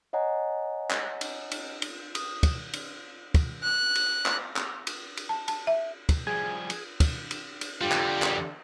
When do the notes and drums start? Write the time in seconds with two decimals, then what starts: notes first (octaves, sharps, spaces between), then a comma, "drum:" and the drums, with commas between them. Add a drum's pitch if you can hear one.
0.13 C#5 D#5 F#5 G#5 A#5
0.91 drum: clap
1.21 drum: cymbal
1.52 drum: cymbal
1.82 drum: cymbal
2.15 D#6, drum: cymbal
2.43 drum: kick, cymbal
2.73 drum: cymbal
3.34 drum: kick, cymbal
3.63 F#6
3.95 drum: cymbal
4.26 drum: clap
4.56 drum: clap
4.87 drum: cymbal
5.17 drum: cymbal
5.29 A5
5.48 A5, drum: cymbal
5.67 E5
6.09 drum: kick, cymbal
6.27 F3 G3 G#4 G#5
6.70 drum: cymbal
7.00 drum: kick, cymbal
7.31 drum: cymbal
7.61 drum: cymbal
7.81 F2 D3 G3 F4 G4
7.92 drum: clap
8.22 drum: clap